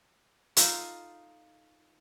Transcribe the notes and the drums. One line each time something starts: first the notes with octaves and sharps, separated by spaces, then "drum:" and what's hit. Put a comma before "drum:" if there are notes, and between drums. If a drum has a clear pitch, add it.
D#4 F4 A4, drum: hi-hat